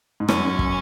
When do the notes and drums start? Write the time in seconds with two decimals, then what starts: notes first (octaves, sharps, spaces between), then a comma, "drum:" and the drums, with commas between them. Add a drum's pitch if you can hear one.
0.20 G#2
0.29 F#2 C#4, drum: rim click
0.44 F#2
0.59 drum: kick